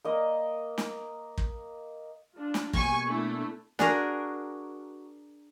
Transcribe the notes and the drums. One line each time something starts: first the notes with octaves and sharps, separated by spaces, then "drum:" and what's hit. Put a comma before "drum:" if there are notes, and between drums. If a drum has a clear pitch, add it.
A#3 D#5
drum: snare
drum: kick
D4 F4
drum: snare
B2 G3 A#3 G#5 C#6, drum: kick
A3 D4 E4 A4
D4 F#4 G#4 A#4 G#5, drum: snare